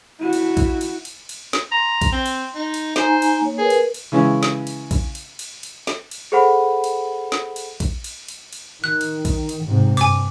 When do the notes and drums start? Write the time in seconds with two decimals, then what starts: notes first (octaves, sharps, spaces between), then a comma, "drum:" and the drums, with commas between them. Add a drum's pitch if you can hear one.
0.20 E4 F#4
0.33 drum: cymbal
0.57 drum: kick A#1, cymbal
0.81 drum: cymbal
1.05 drum: cymbal
1.29 drum: cymbal
1.53 drum: snare
1.72 A#5 C6
2.02 drum: kick A#1, cymbal
2.12 C4
2.26 drum: cymbal
2.55 D#4
2.74 drum: cymbal
2.96 D#4 C5 G#5 A#5, drum: snare
3.22 drum: cymbal
3.42 A#3 C#5
3.58 G#4 A#4 B4
3.70 drum: cymbal
3.94 drum: cymbal
4.12 C#3 E3 G#3 C#4 E4
4.43 drum: snare
4.67 drum: cymbal
4.91 drum: kick A#1, cymbal
5.15 drum: cymbal
5.39 drum: cymbal
5.63 drum: cymbal
5.87 drum: snare
6.11 drum: cymbal
6.32 G#4 A4 C5 F#5 B5
6.84 drum: cymbal
7.32 drum: snare
7.56 drum: cymbal
7.80 drum: kick A#1, cymbal
8.04 drum: cymbal
8.28 drum: cymbal
8.53 drum: cymbal
8.84 D#3 F#6
9.01 drum: cymbal
9.25 drum: kick A#1, cymbal
9.49 drum: cymbal
9.64 G#2 C3
9.97 G2 G#5 D6, drum: cymbal